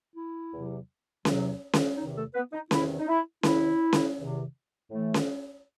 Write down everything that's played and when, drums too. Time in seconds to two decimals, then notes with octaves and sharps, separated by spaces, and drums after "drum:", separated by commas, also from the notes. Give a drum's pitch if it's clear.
0.15 E4
0.52 E2 C3 F#3
1.25 E2 C3 F#3, drum: snare C#4
1.73 drum: snare C#4
1.97 E2 C3 D#3 D#4
2.16 A3 A4
2.34 B3 B4
2.53 D#4
2.71 E2 C3 D#3 E4, drum: snare C#4
2.98 D#4
3.08 E4
3.43 E2 C3 D#3 E4, drum: snare C#4
3.93 drum: snare C#4
4.18 E2 C3 D#3
4.89 A2 E3 A3
5.14 drum: snare C#4